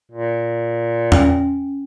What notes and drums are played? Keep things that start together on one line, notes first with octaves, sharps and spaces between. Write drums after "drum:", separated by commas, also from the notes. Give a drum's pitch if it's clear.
A#2
C#4 G5 G#5, drum: tom E2